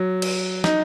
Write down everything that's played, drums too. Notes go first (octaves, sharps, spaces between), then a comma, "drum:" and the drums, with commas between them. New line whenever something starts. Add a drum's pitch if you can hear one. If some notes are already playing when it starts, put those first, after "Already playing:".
Already playing: F#3
drum: cymbal
D#4, drum: snare